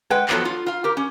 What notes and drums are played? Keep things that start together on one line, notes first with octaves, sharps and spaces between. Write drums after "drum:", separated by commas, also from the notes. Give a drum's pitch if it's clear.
G#3 B4 F#5 G5, drum: rim click
E2 F3 F#3 B3 A4, drum: clap
F4
F4 F5
G4 A#4
C#4